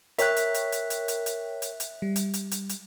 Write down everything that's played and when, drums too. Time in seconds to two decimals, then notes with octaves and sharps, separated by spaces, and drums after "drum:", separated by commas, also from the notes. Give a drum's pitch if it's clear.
0.19 A#4 C#5 E5 G5 F#6, drum: hi-hat
0.36 drum: hi-hat
0.54 drum: hi-hat
0.72 drum: hi-hat
0.90 drum: hi-hat
1.08 drum: hi-hat
1.26 drum: hi-hat
1.62 drum: hi-hat
1.80 drum: hi-hat
2.02 G3
2.16 drum: hi-hat
2.34 drum: hi-hat
2.51 drum: hi-hat
2.69 drum: hi-hat